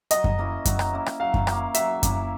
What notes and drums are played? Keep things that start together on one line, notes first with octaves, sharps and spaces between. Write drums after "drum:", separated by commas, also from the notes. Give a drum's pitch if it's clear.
F#3 D#5, drum: hi-hat
drum: kick F#2
A#3 C#4 E4
F#3, drum: kick F#2, hi-hat
drum: rim click
A#3 C#4 E4
drum: rim click
F#3 F5
drum: kick F#2
A#3 C#4 E4, drum: rim click
F#3 E5, drum: hi-hat
A#3 C#4 E4, drum: kick F#2, hi-hat